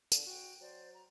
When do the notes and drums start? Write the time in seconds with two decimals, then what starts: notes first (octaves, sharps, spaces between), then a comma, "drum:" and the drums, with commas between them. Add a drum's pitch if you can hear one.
0.12 D3, drum: tambourine
0.27 F#4 G5
0.60 F#3 C5 D5
0.93 A#5